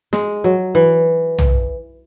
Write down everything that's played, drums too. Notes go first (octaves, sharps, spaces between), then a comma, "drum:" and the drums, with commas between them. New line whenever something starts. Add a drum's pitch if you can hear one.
G#3, drum: snare
F#3
E3
drum: tom B1